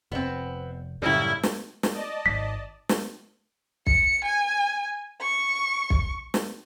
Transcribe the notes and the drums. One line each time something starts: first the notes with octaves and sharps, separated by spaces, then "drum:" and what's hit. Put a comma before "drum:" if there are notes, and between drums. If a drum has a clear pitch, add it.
F1 B3 C4
F#2 A2 C#3 G3 E4
drum: snare
drum: snare
D5 D#5 A5
D1 G#1 B6
drum: snare
C#7, drum: kick
G#5
C#6
drum: kick
drum: snare